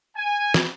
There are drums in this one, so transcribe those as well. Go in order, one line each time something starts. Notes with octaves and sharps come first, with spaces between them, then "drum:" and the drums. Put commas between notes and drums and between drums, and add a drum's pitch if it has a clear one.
G#5
drum: snare